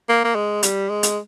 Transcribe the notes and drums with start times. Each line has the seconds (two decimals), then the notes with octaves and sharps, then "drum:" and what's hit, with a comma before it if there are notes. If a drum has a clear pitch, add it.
0.09 A#3
0.24 A#3
0.35 G#3
0.63 G3, drum: hi-hat
0.89 G#3
1.03 drum: hi-hat